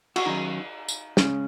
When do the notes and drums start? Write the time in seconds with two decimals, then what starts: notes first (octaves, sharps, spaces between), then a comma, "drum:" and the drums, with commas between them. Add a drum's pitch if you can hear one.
0.16 F#4, drum: cymbal
0.26 D#3 F#3 C#4 D#4
0.89 drum: tambourine
1.17 C#3 G#3 C#4, drum: snare